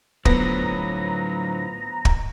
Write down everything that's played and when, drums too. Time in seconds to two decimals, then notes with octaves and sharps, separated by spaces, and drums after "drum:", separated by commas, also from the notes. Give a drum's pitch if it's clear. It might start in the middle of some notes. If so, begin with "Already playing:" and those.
0.25 A2 D3 F3 F#3 B3 A#5, drum: kick
2.05 drum: kick